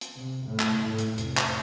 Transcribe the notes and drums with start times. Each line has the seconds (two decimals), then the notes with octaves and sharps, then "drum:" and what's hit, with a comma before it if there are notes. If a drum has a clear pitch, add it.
0.01 drum: hi-hat
0.17 C3
0.47 A2
0.60 drum: clap
0.85 A2
0.98 drum: hi-hat
1.18 F1, drum: hi-hat
1.37 drum: clap